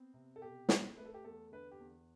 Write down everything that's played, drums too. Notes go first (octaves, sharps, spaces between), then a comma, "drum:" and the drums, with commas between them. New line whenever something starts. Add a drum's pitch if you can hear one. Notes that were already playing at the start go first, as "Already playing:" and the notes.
Already playing: B3 C4
C3
A4
B2 G4
C4, drum: snare
A3 B4
A4
G4
E2 A4
D3 B4
G4
E2